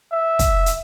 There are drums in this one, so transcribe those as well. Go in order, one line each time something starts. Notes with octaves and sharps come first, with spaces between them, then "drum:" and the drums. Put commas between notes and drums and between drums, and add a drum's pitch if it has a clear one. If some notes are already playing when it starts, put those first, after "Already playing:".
E5
drum: kick, hi-hat
drum: hi-hat